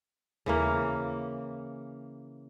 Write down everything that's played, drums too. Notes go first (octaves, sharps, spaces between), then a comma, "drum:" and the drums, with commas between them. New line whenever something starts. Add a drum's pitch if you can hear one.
C#3 E3 A#3, drum: tom D#2